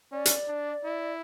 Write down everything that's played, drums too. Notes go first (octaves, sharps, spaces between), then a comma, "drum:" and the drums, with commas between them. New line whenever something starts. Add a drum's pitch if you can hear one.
C#4 D5
drum: hi-hat
D4
E4